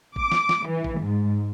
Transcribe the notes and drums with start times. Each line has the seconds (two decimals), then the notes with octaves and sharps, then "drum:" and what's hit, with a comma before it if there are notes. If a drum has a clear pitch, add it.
0.16 D6, drum: kick
0.32 drum: snare
0.49 drum: snare
0.67 E3
0.84 drum: kick
0.99 G#2